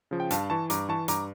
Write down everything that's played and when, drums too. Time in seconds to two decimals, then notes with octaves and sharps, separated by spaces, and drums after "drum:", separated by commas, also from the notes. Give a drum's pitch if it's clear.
0.11 C#3 F3
0.20 G5
0.30 G2 F5 A5, drum: hi-hat
0.50 E3 A5 C#6
0.70 G2 A#5 D6, drum: hi-hat
0.89 E3 A5 C#6
1.08 G2 A#5 D6, drum: hi-hat